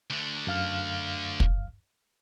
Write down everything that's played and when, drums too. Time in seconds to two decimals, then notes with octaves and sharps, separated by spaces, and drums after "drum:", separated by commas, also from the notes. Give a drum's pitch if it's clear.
0.10 D2 D3
0.47 F#2 F5 F6
1.40 drum: kick